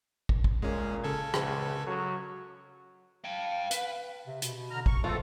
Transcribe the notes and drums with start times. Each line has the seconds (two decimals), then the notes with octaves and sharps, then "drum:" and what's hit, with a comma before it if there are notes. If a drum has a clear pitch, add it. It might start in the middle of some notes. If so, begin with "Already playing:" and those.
0.29 drum: kick
0.44 drum: kick
0.62 A#2 G#3 C#4
1.04 C#3 A4 G#6
1.34 C#2, drum: rim click
1.87 F#3
3.25 F5 G5 A5
3.71 B4, drum: hi-hat
4.27 C3
4.42 B2, drum: hi-hat
4.55 B2
4.71 D3 A#5 F6
4.86 C#6, drum: kick
5.04 F3 G#3 A3 B3 C4 F4 A4